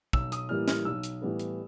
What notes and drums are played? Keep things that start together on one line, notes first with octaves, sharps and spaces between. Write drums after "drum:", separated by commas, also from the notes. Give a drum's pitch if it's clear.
B1 E6, drum: kick
D#6, drum: hi-hat
A2 E3 G3 A#3 F6
F6, drum: snare
B1 E6
drum: hi-hat
A2 E3 G3 B3
drum: hi-hat